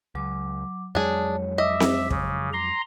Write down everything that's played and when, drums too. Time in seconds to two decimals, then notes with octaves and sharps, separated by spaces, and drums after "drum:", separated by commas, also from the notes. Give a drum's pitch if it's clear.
0.15 C#2 F#3 D6
0.95 F2 F#3 G#3 D4 G#4 C#5
1.58 D#5 E5 D6
1.80 drum: snare C4
2.11 C#3, drum: kick
2.53 A#5 C6